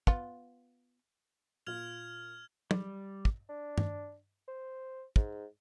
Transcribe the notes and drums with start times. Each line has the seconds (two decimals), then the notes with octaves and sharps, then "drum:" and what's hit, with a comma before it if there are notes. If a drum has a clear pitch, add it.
0.07 B3 F4, drum: kick
1.67 A#2 F4 F6 G#6 F7
2.71 G3, drum: tom
3.25 drum: kick
3.49 D4
3.78 drum: tom G2
4.48 C5
5.16 G#2, drum: kick